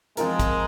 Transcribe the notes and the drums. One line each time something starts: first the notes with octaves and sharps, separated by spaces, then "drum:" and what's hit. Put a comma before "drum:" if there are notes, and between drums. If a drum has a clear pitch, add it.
F3 G#3 C4 F4 A#4, drum: hi-hat
drum: kick, hi-hat